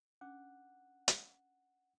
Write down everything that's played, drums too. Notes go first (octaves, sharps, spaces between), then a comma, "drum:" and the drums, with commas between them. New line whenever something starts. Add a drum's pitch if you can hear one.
C#4 D4 F#5 D6
drum: hi-hat